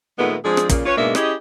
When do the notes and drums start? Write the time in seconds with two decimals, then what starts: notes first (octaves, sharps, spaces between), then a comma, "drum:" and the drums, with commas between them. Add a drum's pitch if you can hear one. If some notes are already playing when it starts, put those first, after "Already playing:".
0.18 A#2 D#3 G#3 A3 B3
0.44 F3 G#3 C4 D4 G#4
0.57 drum: rim click
0.69 A#2 C#3, drum: kick, hi-hat
0.85 C#4 F4 B4 C#5
0.97 G#2 B2 G#3 A#3 D4 E5
1.15 C#4 E4 G4 G#4 D#5, drum: rim click